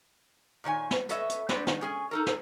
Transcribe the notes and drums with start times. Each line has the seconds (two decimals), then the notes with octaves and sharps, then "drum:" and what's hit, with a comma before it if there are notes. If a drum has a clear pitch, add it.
0.64 A#2 D#3 C#5 G#5
0.91 drum: snare
1.09 A4 B4 C#5 D#5 E5, drum: hi-hat
1.29 drum: hi-hat
1.49 B3 C4 D4 B4, drum: snare
1.67 D#3, drum: snare
1.81 C#4 G#4 G#5
2.11 D#4 A4 A#4
2.26 drum: snare